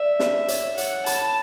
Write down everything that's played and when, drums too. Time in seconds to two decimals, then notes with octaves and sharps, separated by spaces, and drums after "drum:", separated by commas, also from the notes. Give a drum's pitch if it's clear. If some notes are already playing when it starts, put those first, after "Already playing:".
Already playing: D5 E5
0.19 drum: snare
0.48 C#5, drum: hi-hat
0.78 F#5, drum: hi-hat
1.06 A5 B5, drum: hi-hat